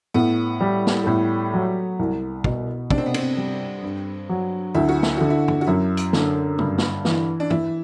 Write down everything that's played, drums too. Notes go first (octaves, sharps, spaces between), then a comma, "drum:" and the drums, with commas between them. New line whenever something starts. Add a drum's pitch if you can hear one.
A2 B3
G3
drum: snare
A3
A2 B3
F#3
C2
B2, drum: kick
C3 D4, drum: kick
C4
B3
C4, drum: cymbal
G3
G2
F#3
D2 E4
F#4
E4, drum: snare
D3 F#4
E4
drum: tom
F#4
F#2 E4
drum: hi-hat
D3, drum: snare
G2, drum: tom
drum: snare
E3, drum: snare
D4
E3 E4, drum: tom